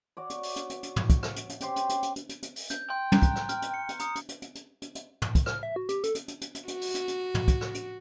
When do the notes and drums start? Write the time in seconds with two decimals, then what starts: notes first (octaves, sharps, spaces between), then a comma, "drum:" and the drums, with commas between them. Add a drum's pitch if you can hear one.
0.17 F#4 C#5 D5
0.30 drum: hi-hat
0.43 drum: open hi-hat
0.56 drum: hi-hat
0.70 drum: hi-hat
0.83 drum: hi-hat
0.96 drum: tom
1.10 drum: kick, hi-hat
1.23 drum: rim click
1.36 drum: hi-hat
1.49 drum: hi-hat
1.60 C#4 G4 C5, drum: hi-hat
1.76 drum: hi-hat
1.89 drum: hi-hat
2.03 drum: hi-hat
2.16 drum: hi-hat
2.29 drum: hi-hat
2.43 drum: hi-hat
2.56 drum: open hi-hat
2.70 G6, drum: hi-hat
2.90 G5 C6 G6
3.12 A#5 F#6, drum: tom
3.22 drum: kick, hi-hat
3.36 drum: rim click
3.49 F6, drum: hi-hat
3.62 drum: hi-hat
3.74 C#7
3.89 drum: hi-hat
4.00 A#5 D#6 C#7, drum: hi-hat
4.15 drum: hi-hat
4.29 drum: hi-hat
4.42 drum: hi-hat
4.55 drum: hi-hat
4.82 drum: hi-hat
4.95 drum: hi-hat
5.22 drum: tom
5.35 drum: kick, hi-hat
5.46 F6, drum: rim click
5.63 E5
5.76 F#4
5.89 G4, drum: hi-hat
6.04 A4, drum: hi-hat
6.15 drum: hi-hat
6.28 drum: hi-hat
6.41 drum: hi-hat
6.55 drum: hi-hat
6.68 F#4, drum: hi-hat
6.81 drum: open hi-hat
6.95 drum: hi-hat
7.08 drum: hi-hat
7.34 drum: tom
7.48 drum: kick, hi-hat
7.61 drum: rim click
7.74 drum: hi-hat